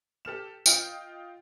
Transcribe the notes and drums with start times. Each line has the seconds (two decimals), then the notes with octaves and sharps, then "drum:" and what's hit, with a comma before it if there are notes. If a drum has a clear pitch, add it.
0.25 G4 A4 F6 E7
0.66 F4 D#5 G5 F6, drum: tambourine